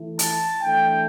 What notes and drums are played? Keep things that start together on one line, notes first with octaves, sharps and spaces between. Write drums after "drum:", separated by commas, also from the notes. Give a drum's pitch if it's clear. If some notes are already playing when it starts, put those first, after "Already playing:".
Already playing: E3 A3 E4
A5, drum: hi-hat
E3 A3 D4 G5